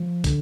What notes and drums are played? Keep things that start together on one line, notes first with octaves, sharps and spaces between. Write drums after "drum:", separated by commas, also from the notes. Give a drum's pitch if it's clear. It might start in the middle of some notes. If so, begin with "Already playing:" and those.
Already playing: F3
D3, drum: kick, hi-hat